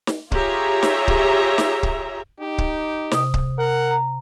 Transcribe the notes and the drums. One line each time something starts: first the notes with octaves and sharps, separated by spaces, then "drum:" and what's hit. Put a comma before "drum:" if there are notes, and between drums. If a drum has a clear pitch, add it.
drum: snare
F4 G4 G#4 C#5 E5 A#5, drum: kick C#1
drum: snare
drum: kick C#1
drum: snare
drum: kick C#1
D#4 G4
drum: kick C#1
C3 D#6, drum: snare
drum: kick C#1
A#4 F#5
A#5